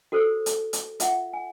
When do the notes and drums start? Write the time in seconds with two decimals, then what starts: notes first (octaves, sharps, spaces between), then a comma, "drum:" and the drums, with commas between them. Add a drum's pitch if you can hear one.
0.12 F#4 A4 A#4 C5
0.46 drum: hi-hat
0.73 drum: hi-hat
1.00 F4 E5 F#5, drum: hi-hat
1.33 G#5